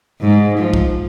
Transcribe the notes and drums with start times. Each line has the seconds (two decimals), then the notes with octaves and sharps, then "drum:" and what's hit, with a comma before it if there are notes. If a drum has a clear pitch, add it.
0.21 G#2
0.58 F3
0.74 drum: kick